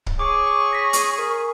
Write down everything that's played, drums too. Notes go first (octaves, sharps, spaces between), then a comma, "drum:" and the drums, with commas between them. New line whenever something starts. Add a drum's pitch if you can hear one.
drum: kick
G#4 C#5 C#6 D6
A#6 B6
drum: hi-hat
A#4